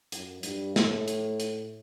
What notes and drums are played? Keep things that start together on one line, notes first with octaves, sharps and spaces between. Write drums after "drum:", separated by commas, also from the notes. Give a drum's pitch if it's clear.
F#2, drum: hi-hat
G2, drum: hi-hat
A2, drum: snare
drum: hi-hat
drum: hi-hat